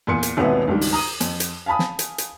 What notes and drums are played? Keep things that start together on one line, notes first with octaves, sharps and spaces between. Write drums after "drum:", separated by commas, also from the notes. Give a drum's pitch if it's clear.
E2 A#2 G#5 C#7
drum: hi-hat
D#1 G#1 B2 B3 B4 E5
C#2 G2 D#3 G3
drum: open hi-hat
A#5 D#6 D#7
F2, drum: hi-hat
drum: hi-hat
F5 G#5 A5 B5 D#6
drum: snare
drum: hi-hat
drum: hi-hat